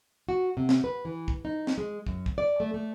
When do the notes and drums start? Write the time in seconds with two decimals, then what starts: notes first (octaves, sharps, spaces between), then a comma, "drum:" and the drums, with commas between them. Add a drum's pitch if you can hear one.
0.29 F#4
0.57 C3
0.69 drum: snare
0.84 B4
1.05 E3
1.28 drum: kick
1.45 D#4
1.67 drum: snare
1.78 G#3
2.07 F#2, drum: kick
2.26 drum: kick
2.38 D5
2.60 A3
2.74 A3